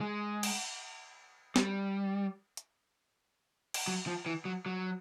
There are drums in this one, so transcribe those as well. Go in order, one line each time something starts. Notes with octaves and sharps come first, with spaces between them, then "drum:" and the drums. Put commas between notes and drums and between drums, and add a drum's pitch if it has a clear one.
G#3
drum: cymbal
G3, drum: snare
drum: hi-hat
drum: cymbal
F#3
F3
E3
F#3
F#3